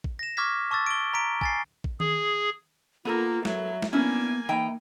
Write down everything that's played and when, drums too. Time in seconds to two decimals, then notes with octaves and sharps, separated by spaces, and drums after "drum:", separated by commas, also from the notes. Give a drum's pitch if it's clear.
0.04 drum: kick A1
0.19 A#6 E7
0.37 C#6 D6 F6 G#6 B6
0.71 A5 C#6 D6 E6 A6
0.86 D7 G7
1.14 A#5 B6 D7
1.41 G#5 A6 C7, drum: kick A1
1.84 drum: kick A1
2.00 G#4, drum: tom D#3
3.05 A#3 B3 F4 A4 A#4
3.45 F#3 E5, drum: snare
3.82 drum: snare
3.93 A#3 B3 C#4 D4 E4 G#5
4.49 E3 A#3 D#4 G5